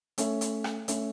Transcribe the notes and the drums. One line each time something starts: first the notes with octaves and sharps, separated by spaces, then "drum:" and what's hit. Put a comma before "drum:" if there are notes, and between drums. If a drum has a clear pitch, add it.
A3 C#4 A4 E5, drum: hi-hat
drum: hi-hat
drum: rim click
A3 C#4 A4 E5, drum: hi-hat